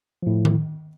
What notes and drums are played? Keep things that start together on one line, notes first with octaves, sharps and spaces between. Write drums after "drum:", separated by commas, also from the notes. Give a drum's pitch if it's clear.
A2 F3
drum: tom D#3